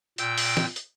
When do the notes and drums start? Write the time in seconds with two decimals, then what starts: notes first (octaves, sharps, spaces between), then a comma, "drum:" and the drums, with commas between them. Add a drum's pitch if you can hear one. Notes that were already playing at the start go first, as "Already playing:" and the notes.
0.18 A#2 G5 E6 G6, drum: hi-hat
0.38 drum: open hi-hat
0.57 drum: snare
0.76 drum: hi-hat